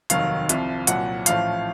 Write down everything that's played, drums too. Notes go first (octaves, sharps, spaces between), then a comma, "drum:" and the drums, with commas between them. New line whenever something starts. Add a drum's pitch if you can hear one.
F1 D#2 D#3 F#3 F5, drum: hi-hat
C2 C3 F3, drum: hi-hat
C2 A#2 F#3 F#5, drum: hi-hat
A1 A2 F3 F5, drum: hi-hat